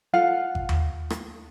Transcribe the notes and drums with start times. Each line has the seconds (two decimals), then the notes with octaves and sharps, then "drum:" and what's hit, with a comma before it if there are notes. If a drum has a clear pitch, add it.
0.13 F4 A4 F5 F#5
0.55 drum: kick G#1
0.69 drum: tom D#2
1.10 drum: rim click